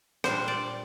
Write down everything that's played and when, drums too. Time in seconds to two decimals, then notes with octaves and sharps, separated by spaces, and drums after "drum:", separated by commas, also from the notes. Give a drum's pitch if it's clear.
0.24 A#2 G3 D4 C5, drum: rim click
0.48 D5